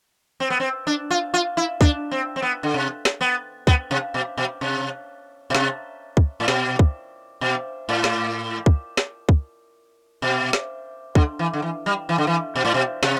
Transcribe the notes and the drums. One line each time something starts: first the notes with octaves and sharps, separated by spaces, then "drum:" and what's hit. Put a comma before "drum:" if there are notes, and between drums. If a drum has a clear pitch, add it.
C4
B3
C4
D4
F4
F4
E4
D4, drum: kick
C4
C4
B3
D3
C3
drum: snare
B3
B3, drum: kick
C3
B2
B2
C3
B2
C3, drum: snare
drum: kick
A2
B2, drum: snare
drum: kick
B2
A2
drum: snare
drum: kick
drum: snare
drum: kick
B2
drum: snare
D3, drum: kick
E3
D3
E3
G3
E3
D3
E3
B2
A2
B2
C3, drum: snare